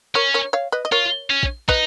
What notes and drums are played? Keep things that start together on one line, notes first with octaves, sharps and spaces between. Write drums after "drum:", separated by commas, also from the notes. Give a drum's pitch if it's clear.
C#4 A#4 C#5
A#4 C#5
C#5 F5
B4 D#5
D#5
F4 A#4 C#5
C#4
drum: kick
D#4 B4 D#5, drum: kick